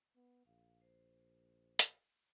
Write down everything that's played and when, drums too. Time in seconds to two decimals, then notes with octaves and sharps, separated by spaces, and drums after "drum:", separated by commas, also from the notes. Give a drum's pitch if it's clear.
0.16 B3
0.46 A#1 F5
0.81 C5
1.79 drum: hi-hat